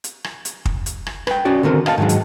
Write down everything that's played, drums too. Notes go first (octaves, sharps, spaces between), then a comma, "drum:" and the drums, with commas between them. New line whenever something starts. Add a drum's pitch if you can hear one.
drum: hi-hat
drum: rim click
drum: hi-hat
drum: kick
drum: hi-hat
drum: rim click
B4 G5, drum: rim click
C#4 F#4 D5
D3 D#3 C4 A#4
D#5 F5 G#5 A5, drum: rim click
G#2 D#3 E3 F#3 G#3
drum: hi-hat